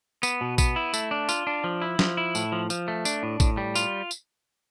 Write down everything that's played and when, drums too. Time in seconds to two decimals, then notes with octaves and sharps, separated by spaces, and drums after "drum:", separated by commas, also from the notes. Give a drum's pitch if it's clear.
0.23 B3, drum: tambourine
0.41 B2
0.58 B3, drum: kick, tambourine
0.76 E4
0.94 A3, drum: tambourine
1.11 D4
1.29 F4, drum: tambourine
1.47 D4
1.64 F3
1.82 E4
1.99 F3, drum: snare
2.17 E4
2.35 A2, drum: tambourine
2.52 F3
2.70 F3, drum: tambourine
2.88 A3
3.05 D4, drum: tambourine
3.23 A2
3.40 A2, drum: kick, tambourine
3.57 G3
3.75 F4, drum: tambourine
4.11 drum: tambourine